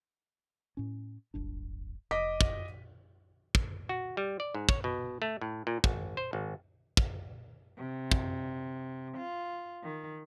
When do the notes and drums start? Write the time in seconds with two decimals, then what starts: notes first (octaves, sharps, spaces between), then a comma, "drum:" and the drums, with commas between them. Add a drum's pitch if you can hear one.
0.77 A2 C#4
1.34 D1 G1 D4
2.11 F1 D#5 D6 B6
2.41 drum: kick
3.55 drum: kick
3.89 F#4
4.17 G3
4.40 D5
4.55 G#2
4.69 C#5, drum: kick
4.84 B2
5.22 A3
5.41 A2
5.67 A#2
5.84 G#1, drum: kick
6.17 C5
6.33 G#1
6.97 drum: kick
7.77 C3
8.11 drum: kick
9.17 F4
9.83 D#3